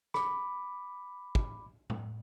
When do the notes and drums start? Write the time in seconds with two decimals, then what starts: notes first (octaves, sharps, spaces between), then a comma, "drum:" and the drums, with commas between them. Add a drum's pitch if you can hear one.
0.14 B5 D6, drum: rim click
1.35 drum: kick
1.90 drum: tom A2